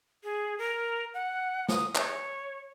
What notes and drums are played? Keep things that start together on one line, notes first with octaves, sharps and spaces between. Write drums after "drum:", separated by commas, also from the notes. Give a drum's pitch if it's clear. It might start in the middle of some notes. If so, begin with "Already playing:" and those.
G#4
A#4
F#5
D#6, drum: snare
C#5, drum: clap